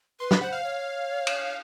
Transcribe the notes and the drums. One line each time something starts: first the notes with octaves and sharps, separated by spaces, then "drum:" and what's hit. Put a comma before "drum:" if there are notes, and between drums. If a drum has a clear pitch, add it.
B4 C6
B5, drum: snare
C5 F#5
F5
C#5
drum: cymbal